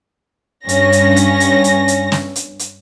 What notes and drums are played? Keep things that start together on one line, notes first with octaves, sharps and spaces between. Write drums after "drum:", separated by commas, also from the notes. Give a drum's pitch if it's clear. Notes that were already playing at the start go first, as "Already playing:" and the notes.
G2 C#4 A#6, drum: hi-hat
drum: hi-hat
drum: hi-hat
drum: hi-hat
drum: hi-hat
drum: hi-hat
drum: snare
drum: hi-hat
drum: hi-hat